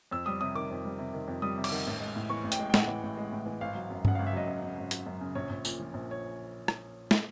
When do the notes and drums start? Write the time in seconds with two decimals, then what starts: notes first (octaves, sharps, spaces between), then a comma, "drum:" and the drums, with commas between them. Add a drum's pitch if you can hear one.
0.11 F2 E6
0.26 G3 D#6
0.41 C3 D#6
0.55 D#3 D6
0.70 F2
0.85 G3
0.99 C3
1.14 D#3
1.28 F2
1.42 G3 D#6
1.58 C3
1.64 D6, drum: cymbal
1.71 D#3
1.87 A1
2.00 G#3
2.16 A2
2.30 E3 C#6
2.44 A1
2.52 G5, drum: hi-hat
2.59 G#3
2.70 G5
2.74 A2 F#5, drum: snare
2.88 E3
3.03 A1
3.17 G#3
3.32 A2
3.46 E3
3.61 G#1 F5
3.75 F#3
3.90 F#2
4.05 C#3 F#5, drum: tom G2
4.15 F5
4.19 G#1
4.27 E5
4.33 F#3 D#5
4.48 F#2
4.62 C#3
4.78 G#1
4.91 F#3, drum: hi-hat
5.06 F#2
5.21 C#3
5.35 A#1 C#5
5.50 A#1
5.65 A#2, drum: tambourine
5.80 F3
5.94 A#1
6.11 C#5
6.68 drum: rim click
7.11 drum: snare